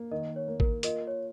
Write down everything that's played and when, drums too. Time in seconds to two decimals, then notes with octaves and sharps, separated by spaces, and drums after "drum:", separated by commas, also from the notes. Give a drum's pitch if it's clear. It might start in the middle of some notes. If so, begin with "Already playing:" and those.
Already playing: A#3
0.11 D#3 A#4 D#5
0.36 C#5
0.48 A#3
0.60 A#4, drum: kick
0.83 F4 A#4 D#5, drum: hi-hat
1.07 C#5